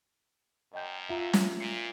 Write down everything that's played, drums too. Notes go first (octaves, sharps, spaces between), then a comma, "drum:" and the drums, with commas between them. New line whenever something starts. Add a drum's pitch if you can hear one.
F#2 D#5 G5 G6
F4 E5 F#5 A#5
drum: snare
A#2 C7 C#7